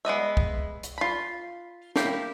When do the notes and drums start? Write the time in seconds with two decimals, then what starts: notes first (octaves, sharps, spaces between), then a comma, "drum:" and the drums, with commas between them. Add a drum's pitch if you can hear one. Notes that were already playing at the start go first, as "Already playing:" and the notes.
0.05 G#3 B3 D#5 E5
0.37 drum: kick
0.83 drum: hi-hat
0.98 F4 B5
1.96 A#3 E4 G4, drum: snare